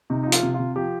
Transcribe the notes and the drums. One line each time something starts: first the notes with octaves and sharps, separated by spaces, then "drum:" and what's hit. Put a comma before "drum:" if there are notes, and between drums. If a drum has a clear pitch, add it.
C3 D#4
D#4
F3
F4, drum: hi-hat
C3
C3 F4
F3 G4